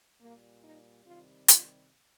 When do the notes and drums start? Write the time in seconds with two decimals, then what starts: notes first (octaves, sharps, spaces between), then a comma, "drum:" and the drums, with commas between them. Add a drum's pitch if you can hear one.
0.20 A#2 G3 A#3
0.62 D#4
1.05 C3 D#3 G3 F4
1.48 F4, drum: hi-hat